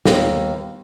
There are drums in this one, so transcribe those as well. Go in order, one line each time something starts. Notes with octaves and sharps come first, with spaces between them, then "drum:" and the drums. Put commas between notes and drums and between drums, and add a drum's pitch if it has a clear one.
D#2 G3 A#3 B3, drum: snare